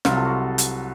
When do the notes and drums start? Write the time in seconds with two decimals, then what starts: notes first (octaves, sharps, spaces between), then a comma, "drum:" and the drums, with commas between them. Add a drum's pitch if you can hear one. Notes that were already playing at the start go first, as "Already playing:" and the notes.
0.05 C2 C3 F#3 F4, drum: snare
0.16 A4
0.25 F#4
0.58 drum: hi-hat